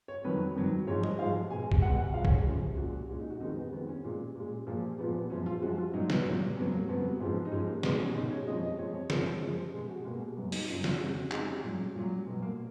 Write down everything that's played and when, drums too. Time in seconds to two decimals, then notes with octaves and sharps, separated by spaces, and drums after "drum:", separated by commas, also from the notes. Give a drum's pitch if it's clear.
0.08 C#5
0.24 F2 D#3 F#3 B4
0.56 F2 D#3 F#3
0.87 G#2 F3 G#3 C#5
1.03 D#5, drum: tom
1.19 G#2 F3 G#3 F5
1.50 B2 G#3 G#5
1.72 drum: kick C2
1.82 B2 G#3 F#5
1.98 F#5
2.14 F#2 C#3 F3 G#3 F5
2.25 C#5, drum: kick C2
2.35 G#4
2.46 F#2 C#3 F3 G#3
2.77 A#2 G#3 F#4
3.09 A#2 G#3 C#4
3.19 D#4
3.30 F#4
3.41 F2 D#3 G#3 D#4
3.56 B3
3.72 F2 D#3 G#3 B3
3.88 C#4
4.04 A#2 G#3
4.35 A#2 G#3
4.67 A#2 F3 G#3 A#3
4.98 A#2 F3 G#3 B3
5.15 B3
5.30 F#2 F3 G#3 C#4
5.46 F4
5.62 F#2 F3 G#3 F#4
5.78 F4
5.94 A#2 F#3 D#4
6.10 B3, drum: snare
6.25 A#2 F#3
6.57 F2 C#3 F#3 B3
6.73 A#3
6.89 F2 C#3 F#3 B3
7.20 G#2 F3 G#3
7.45 D#4
7.52 G#2 F3 G#3 C#4
7.67 A#3
7.83 B2 G#3 B3, drum: snare
7.99 C#4
8.15 B2 G#3 D#4
8.31 C#5
8.47 F2 F3 G#3 D#5
8.63 D#5
8.79 F2 F3 G#3 C#5
8.94 C#5
9.10 F#2 F3 G#3 A#4, drum: snare
9.41 F#2 F3 G#3
9.73 B2 G#3 G#4
9.89 F#4
10.05 B2 G#3 A#3
10.37 F#2 C#3 F#3 B3
10.52 D#4, drum: open hi-hat
10.68 F#2 C#3 F#3 F4
10.84 F4, drum: snare
11.00 F2 C#3 G#3 F#4
11.31 F2 C#3 G#3 D#4, drum: clap
11.47 C#4
11.63 A#2 F#3
11.95 A#2 F#3
12.27 B2 F#3
12.42 A#3